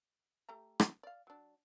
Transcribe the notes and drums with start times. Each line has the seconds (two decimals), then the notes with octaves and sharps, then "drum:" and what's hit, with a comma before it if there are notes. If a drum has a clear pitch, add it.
0.49 A3 G4 A#5
0.80 drum: rim click
1.03 D5 F5
1.27 F#3 D4